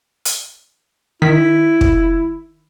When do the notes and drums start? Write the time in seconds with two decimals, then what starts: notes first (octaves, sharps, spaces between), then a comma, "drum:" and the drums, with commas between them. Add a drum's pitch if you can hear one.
0.25 drum: hi-hat
1.22 D#3 E4 B6
1.81 drum: kick